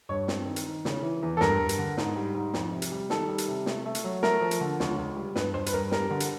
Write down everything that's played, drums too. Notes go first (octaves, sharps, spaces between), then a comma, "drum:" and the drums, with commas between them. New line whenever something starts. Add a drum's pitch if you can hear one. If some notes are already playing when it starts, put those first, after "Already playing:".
G2 C#5
C4, drum: snare
D#3
drum: hi-hat
D#3
C#3, drum: snare
E3
E2
A4
G2 A#4, drum: snare
G2
drum: hi-hat
D3
G#2, drum: snare
G3
G#2
F2, drum: snare
C3
drum: hi-hat
G3
D#3 A4, drum: snare
G3
drum: hi-hat
C3
A3, drum: snare
A3
drum: hi-hat
F#3
A3 A#4, drum: snare
F3
drum: hi-hat
D3
C#2, drum: snare
C#2
G3
G2 B4, drum: snare
G2 C5
B4, drum: hi-hat
G2 A#4
G3 A#4, drum: snare
D3
drum: hi-hat